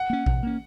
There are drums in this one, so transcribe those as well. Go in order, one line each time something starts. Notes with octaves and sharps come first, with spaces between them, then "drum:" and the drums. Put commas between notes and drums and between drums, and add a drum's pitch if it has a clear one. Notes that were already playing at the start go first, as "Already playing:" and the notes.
Already playing: F#5
A#3 C#4
B2, drum: kick A#1
A#3 C#4